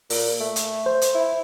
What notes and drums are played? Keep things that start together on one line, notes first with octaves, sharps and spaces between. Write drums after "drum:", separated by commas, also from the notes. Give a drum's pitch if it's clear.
A#2, drum: open hi-hat
A3
drum: hi-hat
C5
drum: hi-hat
E4